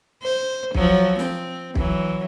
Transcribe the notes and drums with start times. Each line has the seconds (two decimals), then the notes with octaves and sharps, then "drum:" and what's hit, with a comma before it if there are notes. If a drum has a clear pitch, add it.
0.23 C5
0.74 F3 F#3, drum: kick
1.19 C4, drum: snare
1.75 E3 F#3, drum: kick